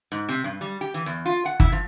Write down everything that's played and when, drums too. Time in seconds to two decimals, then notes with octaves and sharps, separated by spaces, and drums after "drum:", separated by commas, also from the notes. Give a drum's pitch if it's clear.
0.12 G#2
0.29 C3
0.44 G2
0.61 G3
0.81 G4
0.94 E3
1.06 E2
1.26 F4
1.45 F#5
1.60 E4, drum: kick G1
1.72 F3